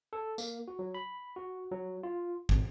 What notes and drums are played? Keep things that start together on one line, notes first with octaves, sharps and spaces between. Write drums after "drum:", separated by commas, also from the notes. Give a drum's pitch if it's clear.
A4
A#3, drum: tambourine
F#4
F#3
B5
F#4
F#3
F4
G#1, drum: kick